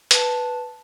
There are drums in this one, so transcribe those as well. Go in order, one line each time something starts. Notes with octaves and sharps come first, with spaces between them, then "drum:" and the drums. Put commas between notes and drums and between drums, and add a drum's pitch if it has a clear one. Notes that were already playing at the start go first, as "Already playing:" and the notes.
B4 A5, drum: hi-hat